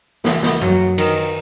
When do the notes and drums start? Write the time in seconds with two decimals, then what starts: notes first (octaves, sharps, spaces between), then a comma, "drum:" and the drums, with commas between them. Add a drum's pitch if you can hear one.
0.24 E3, drum: snare
0.43 drum: snare
0.61 F#3, drum: tom F#2
0.98 D#3, drum: cymbal